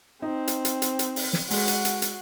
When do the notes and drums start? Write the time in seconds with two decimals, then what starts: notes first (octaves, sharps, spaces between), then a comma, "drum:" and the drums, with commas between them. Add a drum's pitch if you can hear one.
0.22 C4 D#4
0.48 drum: hi-hat
0.65 drum: hi-hat
0.82 drum: hi-hat
0.99 drum: hi-hat
1.16 drum: open hi-hat
1.33 drum: snare
1.50 G#3 F#4, drum: open hi-hat
1.68 drum: hi-hat
1.85 drum: hi-hat
2.02 drum: hi-hat